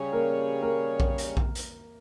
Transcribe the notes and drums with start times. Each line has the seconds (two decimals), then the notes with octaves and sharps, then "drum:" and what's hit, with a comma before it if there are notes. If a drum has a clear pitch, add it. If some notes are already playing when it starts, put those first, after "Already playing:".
Already playing: C#3 G3 C#4 G#4 C#5
0.12 A#3 A#4
0.62 A#3 A#4
1.00 drum: kick A#1
1.18 drum: hi-hat
1.37 drum: kick A#1
1.55 drum: hi-hat